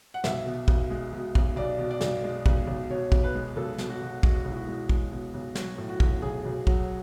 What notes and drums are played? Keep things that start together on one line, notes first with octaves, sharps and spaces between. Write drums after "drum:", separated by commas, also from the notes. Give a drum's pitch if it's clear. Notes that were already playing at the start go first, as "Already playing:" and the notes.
F#5
B1 E5, drum: snare
B2
B1, drum: kick
G#3
B2
B1, drum: kick
B1 D5
B2
D5
B1, drum: snare
G#3
B1, drum: kick
B1
B2 C#5
B1, drum: kick
B4
G#3
B1 A4
B2, drum: snare
F#4
B2
G#3 F#4, drum: kick
B1
E4
F#4
G#3
G#3, drum: kick
B2
B1
F#3 F#4, drum: snare
A2
F#4
B1, drum: kick
B1 G#4
B1
F#3, drum: kick